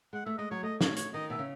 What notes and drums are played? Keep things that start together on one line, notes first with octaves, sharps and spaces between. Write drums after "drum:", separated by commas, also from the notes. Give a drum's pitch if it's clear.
G#3 F#5
A3 E5
G#3 D#5
F#3 C#5
A3 D#5
C#5, drum: snare
C#5, drum: hi-hat
D#3 D#5
B2 E5
C#3